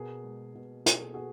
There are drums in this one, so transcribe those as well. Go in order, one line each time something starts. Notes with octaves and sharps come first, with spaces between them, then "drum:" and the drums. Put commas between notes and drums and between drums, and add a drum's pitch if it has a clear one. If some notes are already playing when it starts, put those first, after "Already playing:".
Already playing: B2 G#4 A#4
G#3
B2
B2 G#4, drum: hi-hat
A4
B2 F#4 G#4